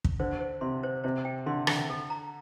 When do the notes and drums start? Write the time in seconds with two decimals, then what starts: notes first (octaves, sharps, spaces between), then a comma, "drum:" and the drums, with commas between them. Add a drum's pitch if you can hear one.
0.04 drum: kick
0.20 D3 C5
0.41 C5
0.61 C3 C6
0.83 C5
1.04 C3 C5
1.25 G5
1.46 D3 C6
1.67 D3 G5, drum: rim click
1.79 D3
1.89 A4
2.10 A#5